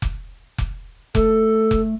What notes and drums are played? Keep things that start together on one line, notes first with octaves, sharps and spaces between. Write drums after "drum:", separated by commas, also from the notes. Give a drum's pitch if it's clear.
drum: kick F1
drum: kick F1
A3 A4, drum: kick F1
drum: kick F1